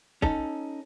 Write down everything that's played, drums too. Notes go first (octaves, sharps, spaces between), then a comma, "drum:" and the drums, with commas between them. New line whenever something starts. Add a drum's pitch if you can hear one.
C#4 D#4 A4, drum: kick